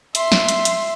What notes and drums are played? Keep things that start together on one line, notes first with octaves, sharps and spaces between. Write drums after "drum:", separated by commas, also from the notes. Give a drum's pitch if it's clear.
E5 C6, drum: hi-hat
drum: snare
drum: hi-hat
drum: hi-hat